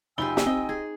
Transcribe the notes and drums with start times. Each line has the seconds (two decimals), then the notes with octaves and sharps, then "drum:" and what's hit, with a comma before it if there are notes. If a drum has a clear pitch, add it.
0.18 F#1 D#4 F4 G4 G#5 B5 E6 G7
0.37 drum: snare
0.46 C4 D#5 G5
0.69 G#4